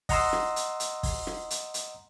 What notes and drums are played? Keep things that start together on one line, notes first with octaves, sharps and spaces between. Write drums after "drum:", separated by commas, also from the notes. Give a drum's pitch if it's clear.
D#5 F#5 A#5 C6 D#6 E6, drum: kick, open hi-hat
drum: rim click
drum: hi-hat
drum: hi-hat
drum: kick, open hi-hat
drum: rim click
drum: hi-hat
drum: hi-hat